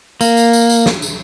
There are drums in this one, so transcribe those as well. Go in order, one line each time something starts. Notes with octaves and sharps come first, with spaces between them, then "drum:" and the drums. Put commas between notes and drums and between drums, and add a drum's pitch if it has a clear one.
A#3, drum: tambourine
drum: tambourine
drum: tambourine
drum: tambourine
drum: snare
drum: tambourine